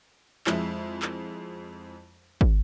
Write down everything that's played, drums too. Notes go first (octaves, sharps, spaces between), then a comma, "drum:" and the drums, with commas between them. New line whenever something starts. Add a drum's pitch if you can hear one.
F2 G#3 E4, drum: clap
drum: clap
drum: kick